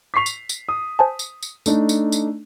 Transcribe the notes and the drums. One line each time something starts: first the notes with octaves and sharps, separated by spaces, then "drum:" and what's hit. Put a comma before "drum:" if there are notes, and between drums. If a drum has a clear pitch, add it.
C#6 D6 B6 C7 F7
drum: tambourine
drum: tambourine
D#6
C5 G#5 A5
drum: tambourine
drum: tambourine
A3 D4 D#4, drum: tambourine
drum: tambourine
drum: tambourine